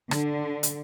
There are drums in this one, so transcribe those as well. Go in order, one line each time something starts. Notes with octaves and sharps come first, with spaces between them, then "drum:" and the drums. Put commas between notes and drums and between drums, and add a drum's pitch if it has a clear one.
D3, drum: rim click
drum: hi-hat